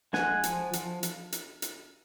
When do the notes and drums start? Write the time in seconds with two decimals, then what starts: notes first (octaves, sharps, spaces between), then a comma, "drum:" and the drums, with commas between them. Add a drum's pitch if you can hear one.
0.13 G#3 F#5 G#5, drum: snare
0.43 F3, drum: hi-hat
0.73 F3, drum: hi-hat
1.03 drum: hi-hat
1.32 drum: hi-hat
1.62 drum: hi-hat